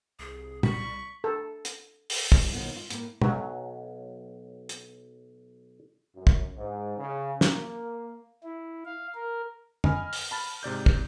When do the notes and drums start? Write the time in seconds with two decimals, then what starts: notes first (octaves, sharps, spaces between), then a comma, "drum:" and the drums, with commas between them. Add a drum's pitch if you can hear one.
0.19 C2 G#4
0.63 G3 C#6 B6 F#7, drum: tom
1.24 A4
1.65 drum: hi-hat
2.10 drum: open hi-hat
2.32 F#2 G3 D#4, drum: kick
2.53 D#2 B2 D3 D#3 B3 F4
2.76 F4
2.91 A2 A#3, drum: hi-hat
3.22 B1 F#3, drum: tom
4.69 drum: hi-hat
6.14 F#2
6.27 drum: kick
6.56 G#2
6.98 C#3
7.41 A#3, drum: snare
8.44 E4
8.86 F5
9.15 A#4
9.84 D#5 G#5 B5 F6, drum: tom
10.13 drum: open hi-hat
10.31 A5 B5 A6
10.63 G#2 C3 D5 G6
10.86 drum: kick